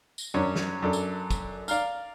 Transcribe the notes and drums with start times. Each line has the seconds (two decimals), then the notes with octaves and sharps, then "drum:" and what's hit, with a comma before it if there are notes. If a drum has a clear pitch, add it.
0.18 drum: tambourine
0.34 F#2 C#4 D4 C#5
0.56 drum: snare
0.82 F#2 D4 A4
0.93 drum: tambourine
1.30 drum: kick, tambourine
1.68 D5 F5 A#5 F6, drum: tambourine